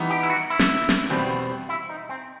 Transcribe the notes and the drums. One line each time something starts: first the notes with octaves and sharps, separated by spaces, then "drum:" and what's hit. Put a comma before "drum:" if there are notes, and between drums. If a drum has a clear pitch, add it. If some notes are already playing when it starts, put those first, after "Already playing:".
Already playing: E3 G3 B3 D#4
G4
E4
F#4
E4
drum: snare
drum: snare
E2 B2 G3 C4
E4
D#4
C4